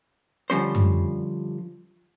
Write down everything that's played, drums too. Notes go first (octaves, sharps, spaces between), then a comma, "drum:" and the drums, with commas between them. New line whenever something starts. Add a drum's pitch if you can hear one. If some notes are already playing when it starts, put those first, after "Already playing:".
D3 F3 G3 C#4 C5, drum: hi-hat
drum: tom F#2